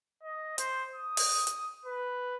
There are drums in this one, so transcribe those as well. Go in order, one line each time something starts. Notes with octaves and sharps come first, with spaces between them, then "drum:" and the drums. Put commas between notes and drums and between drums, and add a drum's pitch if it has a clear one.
D#5
C5, drum: hi-hat
D#6
drum: open hi-hat
drum: hi-hat
B4